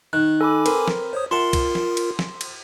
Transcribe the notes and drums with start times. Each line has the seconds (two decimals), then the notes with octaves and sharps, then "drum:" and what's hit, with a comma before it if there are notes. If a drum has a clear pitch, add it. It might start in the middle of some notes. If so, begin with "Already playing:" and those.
0.13 D#3 F#6
0.41 A4 G#5 B5 D6
0.66 C4 A#4 B4, drum: cymbal
0.88 drum: snare
1.13 C5 C#5 D#6
1.31 F4 A#4 E5 F#5 A5 C6
1.53 drum: kick B1, cymbal
1.75 drum: snare
1.97 drum: cymbal
2.19 drum: snare
2.41 drum: cymbal